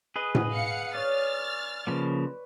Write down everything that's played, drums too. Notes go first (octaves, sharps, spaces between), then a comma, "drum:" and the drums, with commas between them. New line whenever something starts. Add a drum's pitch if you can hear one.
G#4 B4 D#5
drum: tom A2
F5 F#5 C#7
C#5 D5 F6 A6
C#3 F3 A#3 B4